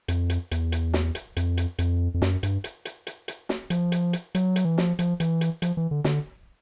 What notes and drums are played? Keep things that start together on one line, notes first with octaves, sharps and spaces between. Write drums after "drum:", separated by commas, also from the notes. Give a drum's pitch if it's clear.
F2, drum: hi-hat
drum: hi-hat
E2, drum: hi-hat
drum: hi-hat
drum: snare
drum: hi-hat
F2, drum: hi-hat
drum: hi-hat
F2, drum: hi-hat
F2
F#2, drum: snare
G2, drum: hi-hat
drum: hi-hat
drum: hi-hat
drum: hi-hat
drum: hi-hat
drum: snare
F3, drum: hi-hat
drum: hi-hat
drum: hi-hat
F#3, drum: hi-hat
drum: hi-hat
E3
F3, drum: snare
F3, drum: hi-hat
E3, drum: hi-hat
drum: hi-hat
F3, drum: hi-hat
E3
D3
D3, drum: snare